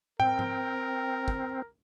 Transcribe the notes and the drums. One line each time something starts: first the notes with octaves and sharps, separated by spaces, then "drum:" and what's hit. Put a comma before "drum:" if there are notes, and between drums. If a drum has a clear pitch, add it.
C4 A#4 G5, drum: tom
drum: tom
drum: kick